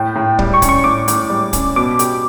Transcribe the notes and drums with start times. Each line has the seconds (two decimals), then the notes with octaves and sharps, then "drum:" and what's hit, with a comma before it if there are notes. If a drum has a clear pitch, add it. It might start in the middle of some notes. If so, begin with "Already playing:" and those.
Already playing: A2 G5
0.16 A2
0.39 G3, drum: kick
0.54 C#6
0.62 C#4, drum: kick, hi-hat
0.69 C#6
0.84 A2 D6
1.08 A2, drum: hi-hat
1.30 G3
1.53 C#4, drum: kick, hi-hat
1.76 B2 D6
1.99 G4, drum: hi-hat